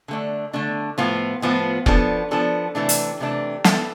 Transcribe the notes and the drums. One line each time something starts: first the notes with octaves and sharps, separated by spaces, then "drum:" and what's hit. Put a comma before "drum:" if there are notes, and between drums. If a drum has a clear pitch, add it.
D3 A3 D4
D3 A3 D4
A2 F3 B3 F4
A2 F3 B3 F4
F3 B3 D4 A4, drum: kick F1
F3 B3 D4 A4
C3 E3 A3 D4
drum: hi-hat
C3 E3 A3 D4
G3 B3 E4 A4, drum: snare